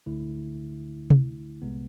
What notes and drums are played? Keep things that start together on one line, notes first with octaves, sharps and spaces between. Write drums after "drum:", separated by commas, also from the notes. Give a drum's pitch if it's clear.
D2 D3 A3 E4
drum: tom C3
C2 C3 G#3 B3